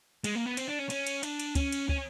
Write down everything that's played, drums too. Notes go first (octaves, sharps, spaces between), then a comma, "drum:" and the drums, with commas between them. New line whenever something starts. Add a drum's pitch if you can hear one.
G#3, drum: cymbal
A#3
B3
C4, drum: cymbal
D4
C#4
C#4, drum: cymbal
drum: cymbal
D4, drum: cymbal
drum: cymbal
C#4, drum: kick, cymbal
drum: cymbal
C#4, drum: kick